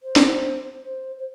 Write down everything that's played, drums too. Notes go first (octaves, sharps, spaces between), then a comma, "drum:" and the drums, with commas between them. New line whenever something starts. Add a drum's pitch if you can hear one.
C5
drum: snare
C5
C5